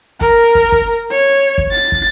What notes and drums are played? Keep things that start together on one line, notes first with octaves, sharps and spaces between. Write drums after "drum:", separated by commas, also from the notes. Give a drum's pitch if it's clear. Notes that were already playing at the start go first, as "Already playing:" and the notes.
A#4, drum: kick
drum: kick
drum: kick
C#5
drum: kick
A6
drum: kick